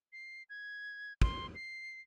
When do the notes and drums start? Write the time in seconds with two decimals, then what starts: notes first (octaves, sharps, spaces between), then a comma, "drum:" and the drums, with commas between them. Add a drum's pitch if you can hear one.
0.13 C7
0.50 G#6
1.22 C6, drum: kick
1.55 C7